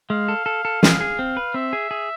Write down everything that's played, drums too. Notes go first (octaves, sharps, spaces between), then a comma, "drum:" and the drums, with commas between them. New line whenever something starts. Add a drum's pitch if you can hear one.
G#3 F5
A4
A4
A4
G#4, drum: snare
G#4
C4
B4
C4 E5
G#4
G#4